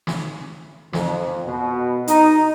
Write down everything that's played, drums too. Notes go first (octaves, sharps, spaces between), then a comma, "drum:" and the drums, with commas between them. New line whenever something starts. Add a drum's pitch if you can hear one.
drum: snare
F2, drum: snare
B2
D#4, drum: hi-hat